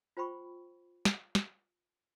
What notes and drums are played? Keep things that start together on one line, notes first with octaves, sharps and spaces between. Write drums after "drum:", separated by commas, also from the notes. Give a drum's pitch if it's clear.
F4 C5 G5 B5 C#6
drum: snare
drum: snare